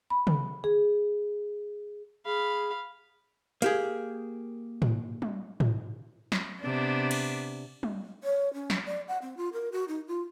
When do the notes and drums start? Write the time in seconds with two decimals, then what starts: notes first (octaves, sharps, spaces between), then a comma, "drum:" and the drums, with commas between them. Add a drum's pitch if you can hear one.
0.10 B5
0.27 drum: tom
0.64 G#4
2.26 G#4 F5 B5
3.62 A#3 G4 G#4, drum: hi-hat
4.82 drum: tom
5.22 drum: tom
5.60 drum: tom
6.32 drum: snare
6.62 C3 B3 D4
7.11 drum: cymbal
7.83 drum: tom
8.24 C#5
8.54 C#4
8.70 drum: snare
8.86 D5
9.08 F#5
9.22 C4
9.37 F4
9.53 A#4
9.72 F#4
9.88 D#4
10.08 F4